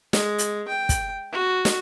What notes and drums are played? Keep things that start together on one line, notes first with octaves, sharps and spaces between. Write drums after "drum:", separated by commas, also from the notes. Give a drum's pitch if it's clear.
G#3, drum: snare
drum: hi-hat
G5
drum: kick, hi-hat
F#4
drum: snare